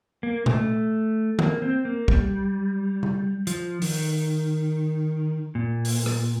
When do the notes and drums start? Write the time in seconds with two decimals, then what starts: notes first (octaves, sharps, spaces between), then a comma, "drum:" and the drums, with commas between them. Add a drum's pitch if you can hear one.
0.23 A#3
0.46 A3, drum: tom A#2
1.39 A#3, drum: tom D#3
1.62 C4
1.85 A#3
2.08 G3, drum: kick
3.03 drum: tom C#3
3.47 F3, drum: hi-hat
3.82 D#3, drum: open hi-hat
5.55 A#2
5.85 drum: open hi-hat
6.06 drum: rim click